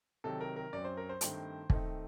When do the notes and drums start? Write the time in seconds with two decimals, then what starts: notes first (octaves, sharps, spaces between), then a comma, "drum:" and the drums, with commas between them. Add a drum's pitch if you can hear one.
0.24 C3 D#3 F#3 A4
0.40 A#4
0.56 A#4
0.73 F#2 F#3 C4 D5
0.85 C5
0.97 A#4
1.09 C5
1.21 G2 D#3 A3 C4, drum: hi-hat
1.70 D#3 A3 C4 D#4, drum: kick